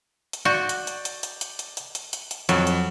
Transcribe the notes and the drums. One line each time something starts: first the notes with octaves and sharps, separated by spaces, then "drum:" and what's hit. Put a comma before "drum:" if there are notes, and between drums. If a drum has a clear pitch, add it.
drum: hi-hat
F#4 D5 G6
drum: hi-hat
drum: hi-hat
drum: hi-hat
drum: hi-hat
drum: hi-hat
drum: hi-hat
drum: hi-hat
drum: hi-hat
drum: hi-hat
drum: hi-hat
F2 F#3, drum: hi-hat
drum: hi-hat